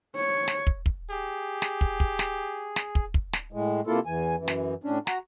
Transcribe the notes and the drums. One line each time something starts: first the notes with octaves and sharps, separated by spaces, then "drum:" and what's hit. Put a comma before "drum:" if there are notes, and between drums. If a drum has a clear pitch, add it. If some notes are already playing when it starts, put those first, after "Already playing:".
C#5
drum: snare
drum: kick
drum: kick
G4 G#4
drum: snare
drum: kick
drum: kick
drum: snare
drum: snare
drum: kick
drum: kick
drum: snare
A2 G#3
C3 A#3 E4 F4 A4
E2 E3 G#5
F#2 E3
drum: snare
A2 C#4 D4
F#4 A#5, drum: snare